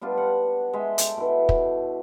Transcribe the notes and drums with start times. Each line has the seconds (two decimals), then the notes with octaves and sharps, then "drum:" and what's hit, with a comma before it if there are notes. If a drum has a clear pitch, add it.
0.01 G3 B3 D4 F4
0.17 F#5
0.73 G#3 E5 G5 C6
0.98 A4 G5 C6, drum: hi-hat
1.17 B2 E4
1.49 drum: kick